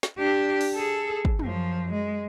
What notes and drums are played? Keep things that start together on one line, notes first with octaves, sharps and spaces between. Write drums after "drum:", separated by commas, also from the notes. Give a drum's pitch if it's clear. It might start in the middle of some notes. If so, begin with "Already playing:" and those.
drum: snare
D4 G4
drum: open hi-hat
G#4 A4
drum: kick
F#2 F3, drum: tom
G#3